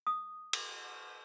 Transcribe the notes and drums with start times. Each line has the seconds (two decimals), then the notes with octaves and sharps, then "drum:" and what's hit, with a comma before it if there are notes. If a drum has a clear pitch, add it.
0.07 D#6
0.53 drum: cymbal